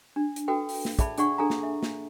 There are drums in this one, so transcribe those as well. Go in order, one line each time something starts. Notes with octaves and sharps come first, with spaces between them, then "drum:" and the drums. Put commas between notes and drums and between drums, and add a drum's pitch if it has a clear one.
D4
drum: hi-hat
F#4 A4 B4 G5
drum: open hi-hat
drum: snare
G#4 D5 E5 A5 B5, drum: kick, hi-hat
D4 G#4 D5 F#5 C#6, drum: hi-hat
D4 G#4 A4 G#5 A#5
drum: snare
E5
drum: snare